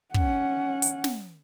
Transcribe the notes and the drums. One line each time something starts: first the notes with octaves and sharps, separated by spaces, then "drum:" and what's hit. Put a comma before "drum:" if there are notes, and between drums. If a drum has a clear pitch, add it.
C#4 F#5, drum: kick
drum: hi-hat
drum: snare